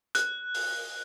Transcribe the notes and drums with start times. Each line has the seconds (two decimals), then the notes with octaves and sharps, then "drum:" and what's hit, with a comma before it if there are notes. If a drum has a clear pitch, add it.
0.15 F#6, drum: hi-hat
0.54 drum: open hi-hat